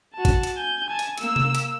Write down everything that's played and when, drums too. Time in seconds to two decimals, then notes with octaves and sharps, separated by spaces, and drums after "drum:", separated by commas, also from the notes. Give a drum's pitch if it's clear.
0.14 F#4 A5
0.25 drum: kick, hi-hat
0.43 drum: hi-hat
0.57 G#5 G6
0.88 G#5 A5
0.99 drum: hi-hat
1.18 A#3 E6, drum: hi-hat
1.36 drum: tom C3
1.55 drum: hi-hat